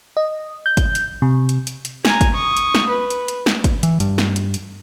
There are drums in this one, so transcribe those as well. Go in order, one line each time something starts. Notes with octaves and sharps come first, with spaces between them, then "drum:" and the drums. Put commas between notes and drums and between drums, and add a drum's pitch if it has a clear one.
D#5
G6
drum: kick, hi-hat
drum: hi-hat
C3
drum: hi-hat
drum: hi-hat
drum: hi-hat
G#5 A#5, drum: snare
drum: kick, hi-hat
C#6 D#6
drum: hi-hat
drum: snare
B4
drum: hi-hat
drum: hi-hat
drum: snare
drum: kick, hi-hat
E3, drum: hi-hat
G2, drum: hi-hat
drum: snare
drum: hi-hat
drum: hi-hat